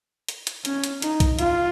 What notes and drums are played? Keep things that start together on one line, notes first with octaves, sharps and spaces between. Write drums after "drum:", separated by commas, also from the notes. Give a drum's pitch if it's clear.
drum: hi-hat
drum: hi-hat
C#4, drum: hi-hat
drum: hi-hat
D#4, drum: hi-hat
drum: kick B1, hi-hat
F4, drum: hi-hat